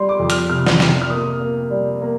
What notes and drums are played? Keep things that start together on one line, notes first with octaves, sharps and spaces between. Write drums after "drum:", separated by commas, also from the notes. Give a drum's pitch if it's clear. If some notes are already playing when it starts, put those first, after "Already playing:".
Already playing: G3 C6
D6
F2
F6, drum: hi-hat
C3 F6
drum: snare
C3, drum: snare
F6
A#3 D#6
A#3
G3
A#3